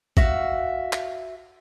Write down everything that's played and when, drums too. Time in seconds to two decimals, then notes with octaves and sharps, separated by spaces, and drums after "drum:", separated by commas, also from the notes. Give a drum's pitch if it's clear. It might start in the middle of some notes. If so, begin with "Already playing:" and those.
0.17 F#4 E5 F5, drum: kick A1
0.93 drum: clap